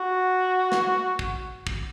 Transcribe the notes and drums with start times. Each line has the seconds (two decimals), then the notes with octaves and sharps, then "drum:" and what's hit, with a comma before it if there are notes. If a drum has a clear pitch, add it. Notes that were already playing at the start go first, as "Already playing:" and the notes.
Already playing: F#4
0.72 drum: snare
1.19 drum: kick
1.67 drum: kick